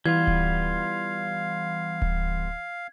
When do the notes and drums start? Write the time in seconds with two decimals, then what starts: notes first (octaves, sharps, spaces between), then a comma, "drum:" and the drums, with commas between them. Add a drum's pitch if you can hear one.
0.06 E3 G3 B3 F4 F5 G#6
0.27 drum: kick D1
2.02 drum: kick D1